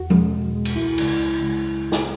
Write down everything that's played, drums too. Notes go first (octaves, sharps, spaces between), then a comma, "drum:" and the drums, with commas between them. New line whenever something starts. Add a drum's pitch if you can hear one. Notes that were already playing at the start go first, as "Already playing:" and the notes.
Already playing: E2 F#4
B2 G#3, drum: tom F3
E2
B2 G#3
drum: cymbal
C#2 E4
C#3 G#3, drum: cymbal
C#2
C#3 G#3
drum: snare